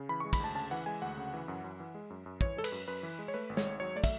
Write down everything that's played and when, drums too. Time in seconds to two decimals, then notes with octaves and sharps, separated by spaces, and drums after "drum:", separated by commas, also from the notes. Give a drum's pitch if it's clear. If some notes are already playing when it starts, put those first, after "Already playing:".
Already playing: C#3
0.09 E3 B5
0.20 C#6
0.25 G#3
0.33 B5, drum: kick, cymbal
0.40 D2 A5
0.55 C#3 A5
0.71 E3 F#5
0.86 G#3 G#5
1.02 D2 F#5
1.17 C#3
1.33 E3
1.48 F#2
1.64 F#2
1.80 E3
1.95 G#3
2.10 F#2
2.26 F#2
2.41 E3 C#5, drum: kick
2.57 G#3 A4
2.64 B4, drum: cymbal
2.72 F#2
2.88 F#2 B4
3.03 E3
3.19 G#3
3.28 C#5
3.34 A3 B4
3.49 G#1
3.57 C#5, drum: snare
3.65 G#2
3.80 F#3 C#5
3.95 A3 D5
4.04 E5, drum: kick, cymbal